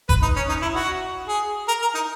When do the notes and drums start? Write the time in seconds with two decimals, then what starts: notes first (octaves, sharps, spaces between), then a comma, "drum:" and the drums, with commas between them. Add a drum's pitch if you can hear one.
0.09 B4, drum: kick
0.22 D#4
0.36 C#4
0.49 D#4
0.62 E4
0.75 F#4
1.28 G#4
1.68 A#4
1.82 A#4
1.95 D#4